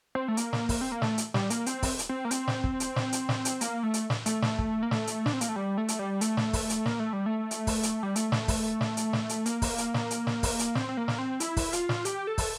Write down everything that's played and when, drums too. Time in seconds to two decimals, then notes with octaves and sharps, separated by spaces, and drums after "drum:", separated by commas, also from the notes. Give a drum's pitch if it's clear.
0.15 C4
0.28 A3
0.37 A#3, drum: hi-hat
0.53 drum: snare
0.69 drum: kick, open hi-hat
0.81 C4
0.92 A#3
1.02 A3, drum: snare
1.18 drum: hi-hat
1.34 G3, drum: snare
1.50 A#3, drum: hi-hat
1.66 C4, drum: hi-hat
1.83 drum: kick, open hi-hat
1.99 drum: hi-hat
2.09 C4
2.25 A#3
2.31 C4, drum: hi-hat
2.48 drum: snare
2.64 drum: kick
2.80 drum: hi-hat
2.96 drum: snare
3.12 drum: hi-hat
3.29 drum: snare
3.45 drum: hi-hat
3.61 A#3, drum: hi-hat
3.83 A3
3.94 drum: hi-hat
4.10 drum: snare
4.26 A3, drum: hi-hat
4.42 drum: snare
4.59 drum: kick
4.83 A#3
4.91 A3, drum: snare
5.07 drum: hi-hat
5.26 D4, drum: snare
5.33 C4
5.41 A#3, drum: hi-hat
5.49 A3
5.56 G3
5.78 A3
5.88 drum: hi-hat
5.99 G3
6.21 A3, drum: hi-hat
6.37 drum: snare
6.53 drum: kick, open hi-hat
6.70 drum: hi-hat
6.86 A#3, drum: snare
7.00 A3
7.13 G3
7.26 A3
7.51 drum: hi-hat
7.67 drum: kick, open hi-hat
7.83 drum: hi-hat
8.03 G3
8.16 A3, drum: hi-hat
8.32 drum: snare
8.48 drum: kick, open hi-hat
8.81 drum: snare
8.97 drum: hi-hat
9.13 drum: snare
9.29 drum: hi-hat
9.46 A#3, drum: hi-hat
9.62 drum: kick, open hi-hat
9.78 drum: hi-hat
9.94 drum: snare
10.11 drum: hi-hat
10.27 drum: snare
10.43 drum: kick, open hi-hat
10.59 drum: hi-hat
10.75 C4, drum: snare
10.89 C4
10.97 A#3
11.08 drum: snare
11.18 C4
11.40 E4, drum: hi-hat
11.57 drum: kick, open hi-hat
11.73 F4, drum: hi-hat
11.89 drum: snare
12.05 G4, drum: hi-hat
12.27 A4
12.38 drum: kick, open hi-hat